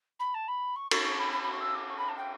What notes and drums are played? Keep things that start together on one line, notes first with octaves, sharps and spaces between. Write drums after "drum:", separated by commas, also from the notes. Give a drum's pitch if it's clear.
B5
A5
B5
C#6
C#6, drum: cymbal
C#6
B5
B5
B5
C#6
E6
D6
C#6
B5
A5
G5